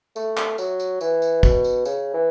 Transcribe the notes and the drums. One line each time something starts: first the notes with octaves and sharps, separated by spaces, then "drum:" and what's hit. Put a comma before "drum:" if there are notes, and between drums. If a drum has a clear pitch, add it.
A3, drum: tambourine
drum: clap
F#3, drum: tambourine
drum: tambourine
E3, drum: tambourine
drum: tambourine
B2, drum: kick, tambourine
drum: tambourine
C#3, drum: tambourine
E3